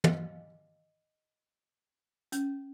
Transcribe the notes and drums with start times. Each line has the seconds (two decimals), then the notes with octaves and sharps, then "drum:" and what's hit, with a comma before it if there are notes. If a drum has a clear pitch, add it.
0.04 D#5, drum: tom
2.32 C#4, drum: hi-hat